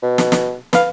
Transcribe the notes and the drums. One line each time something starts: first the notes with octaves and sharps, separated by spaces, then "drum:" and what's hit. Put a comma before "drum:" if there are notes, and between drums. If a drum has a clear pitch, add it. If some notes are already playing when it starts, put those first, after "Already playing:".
B2
drum: snare
drum: snare
B4 F5, drum: snare